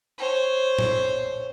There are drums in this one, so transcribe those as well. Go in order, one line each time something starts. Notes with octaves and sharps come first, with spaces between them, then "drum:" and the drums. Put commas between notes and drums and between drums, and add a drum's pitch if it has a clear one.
C5 C#5
drum: tom A2